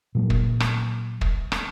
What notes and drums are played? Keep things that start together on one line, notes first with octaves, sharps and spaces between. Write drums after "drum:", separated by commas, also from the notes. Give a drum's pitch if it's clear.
A#2 F#3 A#3
drum: kick
drum: rim click
drum: kick
drum: rim click